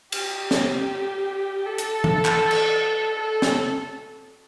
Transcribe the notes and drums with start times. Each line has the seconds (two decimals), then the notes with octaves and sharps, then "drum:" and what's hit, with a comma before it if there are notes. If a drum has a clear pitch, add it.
0.12 G4, drum: cymbal
0.51 drum: snare
0.63 G4
1.66 A4
1.78 drum: hi-hat
2.04 drum: tom E3
2.25 drum: clap
2.51 drum: cymbal
3.19 A4
3.42 drum: snare